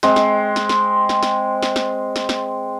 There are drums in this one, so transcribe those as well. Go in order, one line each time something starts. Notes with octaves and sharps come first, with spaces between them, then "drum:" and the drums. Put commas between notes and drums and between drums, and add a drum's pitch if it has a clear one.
G#3 C4, drum: snare
drum: snare
drum: snare
drum: snare
drum: snare
drum: snare
drum: snare
drum: snare
drum: snare
drum: snare